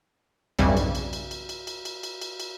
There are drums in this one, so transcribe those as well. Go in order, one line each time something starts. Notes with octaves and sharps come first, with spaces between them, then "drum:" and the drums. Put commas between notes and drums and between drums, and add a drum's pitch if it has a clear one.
B1 E2 G2 C#3 G3 C4, drum: cymbal
drum: cymbal
drum: cymbal
drum: cymbal
drum: cymbal
drum: cymbal
drum: cymbal
drum: cymbal
drum: cymbal
drum: cymbal
drum: cymbal